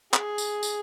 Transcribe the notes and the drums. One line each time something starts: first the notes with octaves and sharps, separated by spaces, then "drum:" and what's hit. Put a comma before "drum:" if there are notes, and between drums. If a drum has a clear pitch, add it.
G#4, drum: clap
drum: tambourine
drum: tambourine